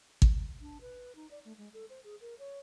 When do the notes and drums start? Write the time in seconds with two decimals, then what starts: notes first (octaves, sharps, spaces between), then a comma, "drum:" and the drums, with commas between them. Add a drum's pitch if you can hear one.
0.22 drum: kick
0.61 D4
0.81 B4
1.16 D#4
1.31 D5
1.45 A3
1.58 G#3
1.74 A4
1.90 C5
2.04 G#4
2.21 A#4
2.39 C#5